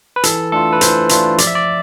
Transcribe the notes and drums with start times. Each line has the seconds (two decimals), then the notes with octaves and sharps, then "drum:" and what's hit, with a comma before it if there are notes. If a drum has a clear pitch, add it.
0.16 B4
0.23 E3 A4, drum: hi-hat
0.52 A3 D4 F4 A4
0.73 B4
0.81 E3 C5, drum: hi-hat
1.09 A3 D4 F4, drum: hi-hat
1.38 F3 D5, drum: hi-hat
1.47 E5
1.55 D5